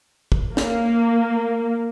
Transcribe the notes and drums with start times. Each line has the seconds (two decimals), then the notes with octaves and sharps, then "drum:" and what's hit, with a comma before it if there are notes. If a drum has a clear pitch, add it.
0.32 drum: kick
0.57 A#3, drum: snare